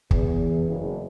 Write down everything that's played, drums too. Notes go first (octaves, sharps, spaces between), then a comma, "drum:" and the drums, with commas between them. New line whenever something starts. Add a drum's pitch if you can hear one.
E2, drum: kick
F#1